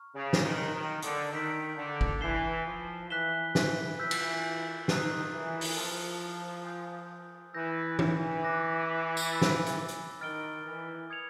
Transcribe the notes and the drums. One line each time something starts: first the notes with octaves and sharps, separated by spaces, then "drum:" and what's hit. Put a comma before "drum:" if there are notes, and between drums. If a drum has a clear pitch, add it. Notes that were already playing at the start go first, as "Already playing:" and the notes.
Already playing: A#5 C#6 F6
C#3
drum: snare
D#3 C#6 F#6 B6 D#7 G7
D#3
D3, drum: hi-hat
D#3 E6 G6 B6 D7
D3
drum: kick
E3 G6 C7 E7 G7
F3
E3 F#6 B6 E7 G7
E3, drum: snare
E3 E6 G6 B6
drum: cymbal
D#3 A#5 D#6 F#6 A6 C7, drum: snare
E3
drum: open hi-hat
F3 A5 C6 F6 A6
G#5 C6 D#6 G6
E3 E6 G6 A#6
E3, drum: tom E3
D6 F#6 A#6
drum: tambourine
B5 E6 A6
drum: snare
drum: hi-hat
drum: hi-hat
D#3 F6 A6 D7 G7
E3
D#6 G#6 C#7 F7